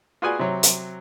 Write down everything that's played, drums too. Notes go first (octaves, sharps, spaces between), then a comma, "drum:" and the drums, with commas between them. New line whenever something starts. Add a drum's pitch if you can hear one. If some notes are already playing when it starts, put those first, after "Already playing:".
F4 F#4 G#4 B4 D5 G#5
C3 F#3
drum: hi-hat